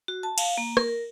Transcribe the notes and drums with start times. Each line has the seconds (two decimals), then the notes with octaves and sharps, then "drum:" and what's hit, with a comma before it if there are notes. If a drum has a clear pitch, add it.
0.08 F#4
0.23 A5
0.38 F5, drum: cymbal
0.58 A#3
0.77 A#4, drum: rim click